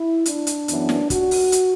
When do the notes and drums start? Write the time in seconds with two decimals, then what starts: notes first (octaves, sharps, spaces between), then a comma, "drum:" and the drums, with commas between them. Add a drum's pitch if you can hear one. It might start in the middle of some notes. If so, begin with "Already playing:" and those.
Already playing: E4
0.26 D4, drum: hi-hat
0.47 drum: hi-hat
0.68 F#2 E3 B3, drum: hi-hat
0.89 drum: snare
1.10 F#4, drum: kick, hi-hat
1.31 drum: open hi-hat
1.52 drum: hi-hat